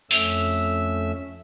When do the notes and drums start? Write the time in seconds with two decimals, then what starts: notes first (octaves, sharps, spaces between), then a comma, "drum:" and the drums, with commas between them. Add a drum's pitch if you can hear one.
0.11 F2 A3 C#4 E5 E6, drum: open hi-hat